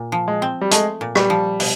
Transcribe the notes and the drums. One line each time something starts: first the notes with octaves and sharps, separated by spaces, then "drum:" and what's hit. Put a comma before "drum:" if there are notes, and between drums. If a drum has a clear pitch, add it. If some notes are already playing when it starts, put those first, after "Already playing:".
Already playing: A#2
F3
G#3
C4
G3
G#3 A3, drum: hi-hat
A#2
G3, drum: rim click
F3
B2, drum: open hi-hat